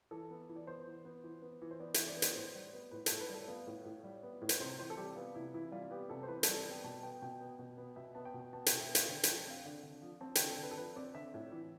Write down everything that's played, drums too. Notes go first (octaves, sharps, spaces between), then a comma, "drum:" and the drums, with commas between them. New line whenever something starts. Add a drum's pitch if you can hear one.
E3 A4
B3
E3
D5
B3 C5
E3
B3
E3
B3
E3
C5
B3 D5
E3 E5, drum: hi-hat
D5
B3
D5, drum: hi-hat
A2 C5
G3
B3
A2 B4
A2 A4, drum: hi-hat
B4
G3 A4
B3 F4
A2
A2
G3
B3
A2
B4, drum: hi-hat
C3 C5
E3 C5
A4
G3 G4
B3 F4
C3 E4
E3 E4
G3 F4
F4
B3 G4
C3 A4
C5
E3 B4
A4, drum: hi-hat
G3
A4
B3
G5
B2 A5
B3 G5
B2 G5
B3
B2
B3
B2 E5
B3 A5
G5
B2
G5
B3 A5
G5, drum: hi-hat
B2
E5
B3
F5, drum: hi-hat
D3 G5
F3 A5, drum: hi-hat
G5
C4 F5
D3
D3
F3
C4 A5
D3 G5, drum: hi-hat
A4
D3 B4
A4
F3 B4
C4 D5
D3 E5
A2
E3